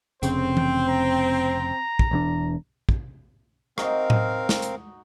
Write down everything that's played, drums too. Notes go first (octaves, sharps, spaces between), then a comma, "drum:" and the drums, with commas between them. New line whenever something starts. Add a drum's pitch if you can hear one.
F1 C#3 C4 C5, drum: hi-hat
drum: tom E3
A#5
drum: kick
E1 E2 D4
drum: kick
C4 D#4 F#4 A#4 F5, drum: rim click
drum: tom A2
drum: snare
drum: hi-hat